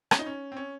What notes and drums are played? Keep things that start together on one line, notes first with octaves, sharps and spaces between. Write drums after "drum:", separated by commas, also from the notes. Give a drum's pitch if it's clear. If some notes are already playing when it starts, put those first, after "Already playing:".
C#4, drum: rim click
D#4
C#4
C4
C#4